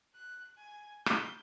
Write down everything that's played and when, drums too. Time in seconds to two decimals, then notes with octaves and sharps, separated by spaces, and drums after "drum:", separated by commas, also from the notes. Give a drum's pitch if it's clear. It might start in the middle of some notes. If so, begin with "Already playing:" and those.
0.15 F#6
0.58 G#5
1.06 G6, drum: rim click